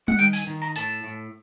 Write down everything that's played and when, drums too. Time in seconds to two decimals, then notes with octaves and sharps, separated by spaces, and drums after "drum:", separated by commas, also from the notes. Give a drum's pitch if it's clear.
0.08 F#5, drum: tom G3
0.19 D#3 G5
0.33 G#5, drum: open hi-hat
0.47 D#3
0.62 A#5
0.76 A2 A5, drum: hi-hat
1.04 A2